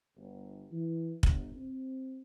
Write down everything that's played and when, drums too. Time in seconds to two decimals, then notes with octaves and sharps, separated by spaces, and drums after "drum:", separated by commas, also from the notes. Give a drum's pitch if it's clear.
0.16 G1
0.71 E3
1.23 G1, drum: kick
1.56 C4